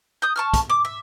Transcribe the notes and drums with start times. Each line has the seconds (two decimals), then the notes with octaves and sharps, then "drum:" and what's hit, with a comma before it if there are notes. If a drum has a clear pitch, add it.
0.22 D#6 G6
0.36 A5 C#6 F6
0.54 drum: kick, hi-hat
0.70 D6
0.85 E5